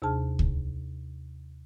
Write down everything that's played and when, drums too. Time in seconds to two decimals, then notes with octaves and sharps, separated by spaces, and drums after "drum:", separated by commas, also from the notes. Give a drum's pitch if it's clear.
0.02 D#2 C3 D4 G#4 A5 F6
0.39 drum: kick C#2